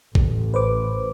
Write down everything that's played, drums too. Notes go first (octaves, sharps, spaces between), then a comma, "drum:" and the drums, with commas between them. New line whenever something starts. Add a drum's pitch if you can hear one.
A1, drum: kick
B4 C5 D6